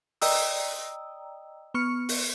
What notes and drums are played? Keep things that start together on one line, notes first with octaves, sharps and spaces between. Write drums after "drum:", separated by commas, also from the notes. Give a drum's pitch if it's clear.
D5 D#5 G5 A#5 D#6 E6, drum: open hi-hat
B3 C#6 F6 C#7
drum: open hi-hat